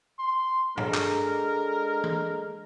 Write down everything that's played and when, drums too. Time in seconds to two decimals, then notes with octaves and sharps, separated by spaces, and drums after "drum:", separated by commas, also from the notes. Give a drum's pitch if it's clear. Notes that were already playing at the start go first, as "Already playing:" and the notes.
0.19 C6
0.77 G#3 D4 A4 A#4, drum: tom G2
0.94 drum: clap
2.04 drum: tom E3